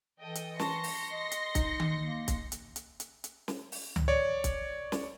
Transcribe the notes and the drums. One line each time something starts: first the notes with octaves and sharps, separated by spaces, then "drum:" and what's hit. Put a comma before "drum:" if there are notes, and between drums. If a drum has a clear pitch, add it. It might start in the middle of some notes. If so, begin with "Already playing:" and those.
E3 A4 D#5 G5
drum: hi-hat
A5 C6 C#6 A#6 C#7, drum: snare
drum: open hi-hat
D#5
drum: hi-hat
D#4, drum: kick, hi-hat
drum: tom D#3
A#3
drum: kick, hi-hat
drum: hi-hat
drum: hi-hat
drum: hi-hat
drum: hi-hat
drum: snare
drum: open hi-hat
drum: tom C#2
C#5 D5
drum: kick, hi-hat
drum: snare